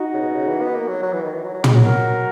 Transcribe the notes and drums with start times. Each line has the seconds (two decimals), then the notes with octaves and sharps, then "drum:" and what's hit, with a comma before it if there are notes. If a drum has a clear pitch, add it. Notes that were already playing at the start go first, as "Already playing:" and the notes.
Already playing: D#4 F#4
0.14 C#3
0.21 B2
0.35 C#3
0.48 E3
0.61 B3
0.75 A#3
0.88 F#3
1.03 F#3
1.13 E3
1.24 D#3
1.34 E3
1.44 F#3
1.54 F#3
1.64 G#3, drum: tom
1.75 F#3
1.84 F#4 A#4